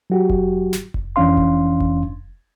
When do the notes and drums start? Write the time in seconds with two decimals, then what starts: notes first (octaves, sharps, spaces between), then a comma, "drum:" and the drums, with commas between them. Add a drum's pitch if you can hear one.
0.10 F#3 F#4 G4
0.30 drum: kick F1
0.73 drum: snare
0.94 drum: kick F1
1.16 F2 E3 C#4 D4 F5 C6
1.37 drum: kick F1
1.80 drum: kick F1